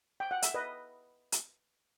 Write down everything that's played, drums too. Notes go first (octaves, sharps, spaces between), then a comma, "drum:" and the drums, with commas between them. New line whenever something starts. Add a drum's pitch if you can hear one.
G5
F#5
E5, drum: hi-hat
B4 D#5
drum: hi-hat